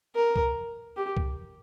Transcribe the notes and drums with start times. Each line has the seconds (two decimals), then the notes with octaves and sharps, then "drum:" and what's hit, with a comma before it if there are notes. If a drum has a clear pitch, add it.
0.15 A#4
0.36 drum: kick C#2
0.96 G4
1.17 drum: kick C#2